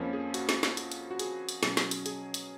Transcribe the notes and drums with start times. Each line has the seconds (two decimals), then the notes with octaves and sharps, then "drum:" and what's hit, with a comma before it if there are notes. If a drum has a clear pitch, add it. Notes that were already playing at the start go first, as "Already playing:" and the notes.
Already playing: F2 F3 A#3 C#4
0.13 G#4
0.34 F#4, drum: hi-hat
0.49 drum: snare
0.63 drum: snare
0.77 drum: hi-hat
0.92 drum: hi-hat
1.11 F#4
1.19 G#4, drum: hi-hat
1.49 drum: hi-hat
1.63 B2 F#3 C#4, drum: snare
1.77 drum: snare
1.91 drum: hi-hat
2.06 G#4, drum: hi-hat
2.34 drum: hi-hat